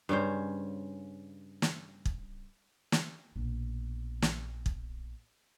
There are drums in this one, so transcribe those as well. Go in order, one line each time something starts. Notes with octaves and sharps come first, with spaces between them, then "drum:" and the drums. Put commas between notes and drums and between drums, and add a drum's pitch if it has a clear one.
G2 C#3 C#4 C5
drum: snare
drum: kick
drum: snare
A#1 B2
drum: snare
drum: kick